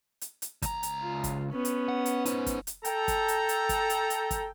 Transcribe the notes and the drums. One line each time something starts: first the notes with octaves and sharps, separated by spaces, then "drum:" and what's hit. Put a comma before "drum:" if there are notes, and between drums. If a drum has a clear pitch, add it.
drum: hi-hat
drum: hi-hat
C#2 A#5, drum: kick, hi-hat
drum: hi-hat
F4
drum: kick, hi-hat
B3 C#4
drum: hi-hat
F#5
drum: hi-hat
D#4 C5, drum: hi-hat
drum: kick, hi-hat
drum: hi-hat
A4 G5 A#5, drum: hi-hat
drum: kick, hi-hat
drum: hi-hat
drum: hi-hat
drum: kick, hi-hat
drum: hi-hat
drum: hi-hat
drum: kick, hi-hat